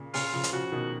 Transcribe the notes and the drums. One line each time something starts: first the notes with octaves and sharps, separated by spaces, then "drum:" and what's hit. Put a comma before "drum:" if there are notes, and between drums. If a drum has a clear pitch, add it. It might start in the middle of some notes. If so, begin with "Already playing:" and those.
Already playing: A#2 C#3
A#2 C#3 F4, drum: open hi-hat
C#3 F3
drum: hi-hat
C#3 F3 F#4
B2 D#3